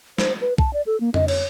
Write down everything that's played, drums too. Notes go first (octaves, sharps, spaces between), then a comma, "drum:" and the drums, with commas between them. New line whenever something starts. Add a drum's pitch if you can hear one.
C5, drum: snare
B4
A5, drum: kick B1
D5
A4
A#3
D#5, drum: tom F2
C#5, drum: cymbal